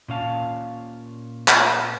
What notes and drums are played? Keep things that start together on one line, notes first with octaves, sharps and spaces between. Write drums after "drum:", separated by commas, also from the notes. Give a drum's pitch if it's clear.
A#2 C#4 F5 A5
drum: clap